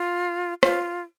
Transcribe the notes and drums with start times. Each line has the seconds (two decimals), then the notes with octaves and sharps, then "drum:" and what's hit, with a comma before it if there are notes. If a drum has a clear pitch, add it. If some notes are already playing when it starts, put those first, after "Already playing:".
Already playing: F4
0.63 F4, drum: rim click